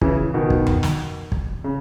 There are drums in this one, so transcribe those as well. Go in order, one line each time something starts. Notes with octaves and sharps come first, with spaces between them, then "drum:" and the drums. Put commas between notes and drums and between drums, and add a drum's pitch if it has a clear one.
C#3 E3, drum: kick
B2 D#3
drum: kick
drum: tom F2
drum: snare
drum: kick
C#3